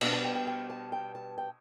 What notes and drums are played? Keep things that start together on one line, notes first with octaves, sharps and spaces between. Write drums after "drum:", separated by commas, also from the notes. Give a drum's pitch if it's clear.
B2 G3 B3 D4 A5, drum: cymbal
A5
G5
G5
G5
A5
G5
A5
G5